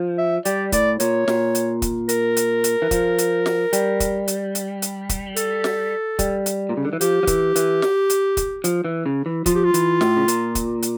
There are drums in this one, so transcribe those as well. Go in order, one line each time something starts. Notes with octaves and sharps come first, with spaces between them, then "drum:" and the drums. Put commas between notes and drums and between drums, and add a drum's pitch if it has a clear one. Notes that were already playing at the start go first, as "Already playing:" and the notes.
Already playing: F3
E5
G3 D5, drum: hi-hat
A2 D5, drum: kick, hi-hat
A#2 C#5, drum: hi-hat
A#2, drum: snare
drum: hi-hat
drum: kick, hi-hat
A#4, drum: hi-hat
drum: hi-hat
drum: hi-hat
E3
F3, drum: kick, hi-hat
drum: hi-hat
drum: snare
G3, drum: hi-hat
drum: kick, hi-hat
drum: hi-hat
drum: hi-hat
drum: hi-hat
drum: kick, hi-hat
A4, drum: hi-hat
drum: snare
G3, drum: kick, hi-hat
drum: hi-hat
A#2
C#3
D3
E3
F3 G4, drum: hi-hat
F3
E3, drum: kick, hi-hat
E3, drum: hi-hat
drum: snare
drum: hi-hat
drum: kick, hi-hat
F3, drum: hi-hat
E3
C#3
E3
F3 F4, drum: kick, hi-hat
G4
F4
E3, drum: hi-hat
A2, drum: snare
C#3
A#2, drum: hi-hat
drum: kick, hi-hat
drum: hi-hat